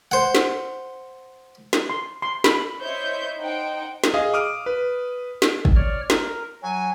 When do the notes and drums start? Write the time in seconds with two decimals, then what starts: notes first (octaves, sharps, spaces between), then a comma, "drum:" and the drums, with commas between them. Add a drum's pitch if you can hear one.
0.11 C5 F#5
0.35 drum: snare
1.73 drum: snare
1.90 C6
2.22 C6
2.44 B5, drum: snare
2.81 E4 C5 C#5 D#5 C#6 G6
3.38 D#4 C5 F#5 G5
4.04 drum: snare
4.14 G#4 D#5 F5
4.34 D6 D#6 F6 D7
4.66 B4
5.42 drum: snare
5.65 drum: kick
5.76 C#5 D5 F6
6.10 A#4, drum: snare
6.63 F#3 G#5